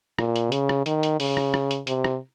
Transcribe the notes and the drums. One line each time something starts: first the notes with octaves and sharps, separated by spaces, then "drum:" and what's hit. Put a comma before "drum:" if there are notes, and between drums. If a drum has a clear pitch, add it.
A#2, drum: rim click
drum: hi-hat
C#3, drum: hi-hat
drum: rim click
D#3, drum: hi-hat
drum: hi-hat
C#3, drum: open hi-hat
drum: rim click
drum: rim click
drum: hi-hat
C3, drum: hi-hat
drum: rim click